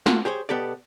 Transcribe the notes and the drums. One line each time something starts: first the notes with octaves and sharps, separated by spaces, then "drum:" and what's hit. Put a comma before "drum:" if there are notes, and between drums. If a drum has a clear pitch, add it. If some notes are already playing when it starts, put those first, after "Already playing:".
A3 A#3 F4 F#4 C6, drum: snare
G4 G#4 C5 C#5
B2 B3 G4 A4 D5